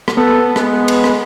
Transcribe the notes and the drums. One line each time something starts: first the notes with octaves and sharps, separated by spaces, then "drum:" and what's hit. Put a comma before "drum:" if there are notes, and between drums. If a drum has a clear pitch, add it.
drum: rim click
B3 A4
G#3, drum: rim click
drum: cymbal
drum: rim click